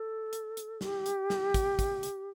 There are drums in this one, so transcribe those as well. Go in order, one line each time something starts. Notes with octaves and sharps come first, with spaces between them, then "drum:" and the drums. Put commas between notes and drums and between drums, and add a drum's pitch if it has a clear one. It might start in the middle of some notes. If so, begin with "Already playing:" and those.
Already playing: A4
drum: hi-hat
drum: hi-hat
G4, drum: snare
drum: hi-hat
drum: snare
drum: kick, hi-hat
drum: kick, hi-hat
drum: hi-hat